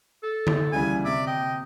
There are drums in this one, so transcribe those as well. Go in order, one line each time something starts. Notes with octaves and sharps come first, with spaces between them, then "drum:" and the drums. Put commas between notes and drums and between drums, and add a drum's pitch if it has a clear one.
A4
drum: tom D3
C#2 E3 G3 G#5
C3 D5 E5
D#5 G5